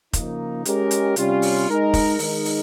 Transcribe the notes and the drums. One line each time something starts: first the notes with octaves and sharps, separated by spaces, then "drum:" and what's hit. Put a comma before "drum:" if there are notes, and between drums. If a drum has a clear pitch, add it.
C#3 F3 A#3 D#4, drum: kick F1, hi-hat
G#3 C#4 G4 A#4, drum: hi-hat
drum: hi-hat
C3 G3 C#4 F4, drum: hi-hat
drum: open hi-hat
G#3 D#4 A#4
drum: kick F1, open hi-hat
D#3 G#3 D#4 A#4, drum: open hi-hat
drum: open hi-hat